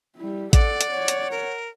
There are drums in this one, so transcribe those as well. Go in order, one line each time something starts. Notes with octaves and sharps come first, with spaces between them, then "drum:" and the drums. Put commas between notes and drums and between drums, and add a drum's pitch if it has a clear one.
G3 E4
A4 D5 F#5, drum: kick A1, hi-hat
drum: hi-hat
C#5 F#5
drum: hi-hat
A#4